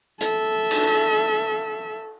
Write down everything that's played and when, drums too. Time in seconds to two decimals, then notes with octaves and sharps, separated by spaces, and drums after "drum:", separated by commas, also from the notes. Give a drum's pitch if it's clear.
0.21 A4 E5, drum: hi-hat
0.71 drum: cymbal